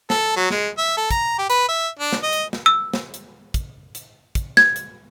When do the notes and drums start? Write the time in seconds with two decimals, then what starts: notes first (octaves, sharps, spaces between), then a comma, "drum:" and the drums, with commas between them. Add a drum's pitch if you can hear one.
0.10 A4, drum: snare
0.36 F#3
0.50 G#3, drum: snare
0.78 E5
0.97 A4
1.10 A#5, drum: kick, hi-hat
1.38 G4
1.50 B4, drum: hi-hat
1.69 E5
1.99 D4
2.13 drum: snare
2.23 D#5
2.33 drum: hi-hat
2.53 drum: snare
2.66 E6
2.94 drum: snare
3.14 drum: hi-hat
3.54 drum: kick, hi-hat
3.95 drum: hi-hat
4.35 drum: kick, hi-hat
4.57 G#6, drum: snare
4.76 drum: hi-hat